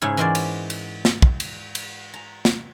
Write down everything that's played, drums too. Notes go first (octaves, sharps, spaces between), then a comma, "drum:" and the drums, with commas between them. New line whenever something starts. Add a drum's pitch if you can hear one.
G#2 C#3 E4 G#4
E3 G#3 F#4 A#4 C5 D5
drum: cymbal
drum: cymbal
drum: snare
drum: kick
drum: cymbal
drum: cymbal
A#5
drum: snare